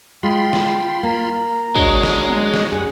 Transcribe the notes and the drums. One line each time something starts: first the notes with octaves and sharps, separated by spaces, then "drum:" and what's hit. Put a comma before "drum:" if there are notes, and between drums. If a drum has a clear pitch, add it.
G#3 F4 G5 B5 C6
drum: snare
A#3 A#5
G#3 D4 F#4 C#5, drum: kick
drum: snare
drum: tom
drum: snare
F#2 G3 C#4 G#4 F#5